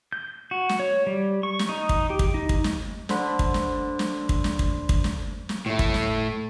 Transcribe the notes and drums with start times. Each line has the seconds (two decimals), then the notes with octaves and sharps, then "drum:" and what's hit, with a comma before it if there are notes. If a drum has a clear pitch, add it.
0.13 G6
0.51 F#4
0.69 drum: snare
0.80 C#5
1.07 G3
1.43 C#6
1.59 drum: snare
1.69 D#4
1.89 drum: kick
2.10 G4
2.19 drum: kick
2.34 D#4
2.49 drum: kick
2.64 drum: snare
3.09 D3 C5 B5, drum: snare
3.39 drum: kick
3.54 drum: snare
3.99 drum: snare
4.29 drum: kick
4.44 drum: snare
4.59 drum: kick
4.89 drum: kick
5.04 drum: snare
5.49 drum: snare
5.66 A2 A3
5.79 drum: kick
5.94 drum: snare